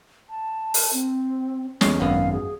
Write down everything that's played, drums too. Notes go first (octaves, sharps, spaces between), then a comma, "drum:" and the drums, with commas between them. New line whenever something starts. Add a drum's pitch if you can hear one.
A5
drum: open hi-hat
C4
E2 G#3 C#4, drum: snare
G#1 F#2 B3 F5
G#4